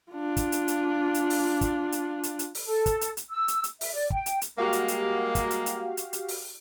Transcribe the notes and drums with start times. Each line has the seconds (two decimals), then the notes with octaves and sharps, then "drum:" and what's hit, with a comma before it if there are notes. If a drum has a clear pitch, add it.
0.12 D4 F4
0.37 drum: kick, hi-hat
0.52 drum: hi-hat
0.68 drum: hi-hat
1.14 drum: hi-hat
1.30 drum: open hi-hat
1.61 drum: kick, hi-hat
1.92 drum: hi-hat
2.23 drum: hi-hat
2.39 drum: hi-hat
2.55 drum: open hi-hat
2.64 A4
2.86 drum: kick, hi-hat
3.01 drum: hi-hat
3.17 drum: hi-hat
3.30 E6
3.48 drum: hi-hat
3.64 drum: hi-hat
3.81 E5, drum: open hi-hat
3.92 D5
4.10 G5, drum: kick
4.26 drum: hi-hat
4.41 drum: hi-hat
4.58 G3 G#3 A#3 F#4 G4 F5
4.73 drum: hi-hat
4.88 drum: hi-hat
5.35 drum: kick, hi-hat
5.51 drum: hi-hat
5.66 drum: hi-hat
5.97 drum: hi-hat
6.13 drum: hi-hat
6.28 drum: open hi-hat